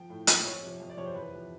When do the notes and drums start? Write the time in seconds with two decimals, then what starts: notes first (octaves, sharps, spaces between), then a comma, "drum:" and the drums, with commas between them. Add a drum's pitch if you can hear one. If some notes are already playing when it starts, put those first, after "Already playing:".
Already playing: F3 G5
0.10 A2
0.27 F3, drum: hi-hat
0.44 F2 C#5
0.62 C3 F3
0.80 F2
0.90 D5
0.97 C3 F3 C#5
1.06 C5
1.15 E2 B4
1.32 C3 F3